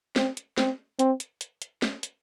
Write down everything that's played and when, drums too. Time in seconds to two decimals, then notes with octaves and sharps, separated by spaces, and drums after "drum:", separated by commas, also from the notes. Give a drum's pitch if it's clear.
0.16 C4, drum: snare
0.37 drum: hi-hat
0.58 C4, drum: snare
0.99 C4, drum: hi-hat
1.20 drum: hi-hat
1.41 drum: hi-hat
1.62 drum: hi-hat
1.82 drum: snare
2.03 drum: hi-hat